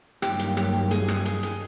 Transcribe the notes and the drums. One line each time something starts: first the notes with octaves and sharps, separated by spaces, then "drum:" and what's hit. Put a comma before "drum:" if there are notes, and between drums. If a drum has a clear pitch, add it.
G2 D#3 F#3 A#3 G4, drum: rim click
drum: hi-hat
G4, drum: rim click
G#4, drum: hi-hat
drum: rim click
G#4, drum: hi-hat
drum: hi-hat